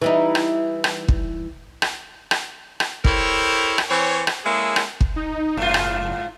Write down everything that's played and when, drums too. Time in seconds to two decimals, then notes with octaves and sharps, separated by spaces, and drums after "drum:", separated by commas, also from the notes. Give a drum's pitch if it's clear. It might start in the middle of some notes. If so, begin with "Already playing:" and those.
0.02 E3 G3 D#4
0.35 drum: rim click
0.84 drum: rim click
1.08 drum: kick
1.82 drum: rim click
2.31 drum: rim click
2.80 drum: rim click
3.04 E4 G4 A4 A#4 C5 C#5, drum: kick
3.78 drum: rim click
3.89 E3 C4 C#5
4.27 drum: rim click
4.44 G#3 A#3 C#4 E4 G#4 A4
4.76 drum: rim click
5.01 drum: kick
5.16 D#4
5.57 F#1 G#2 F4
5.74 drum: rim click